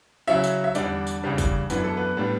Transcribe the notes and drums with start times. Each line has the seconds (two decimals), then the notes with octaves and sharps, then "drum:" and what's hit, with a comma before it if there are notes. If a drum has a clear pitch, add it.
0.27 C#3 F#3 C#4 E4 E5
0.44 drum: tambourine
0.64 E5
0.75 E2 D3 G3 D4 D5, drum: tambourine
1.07 drum: tambourine
1.22 E2 C#3 G3 D4
1.38 drum: kick, tambourine
1.70 F#2 E3 B3 D4 B4, drum: tambourine
1.84 A4
1.97 B3 B4
2.17 A2 G3 B3 D4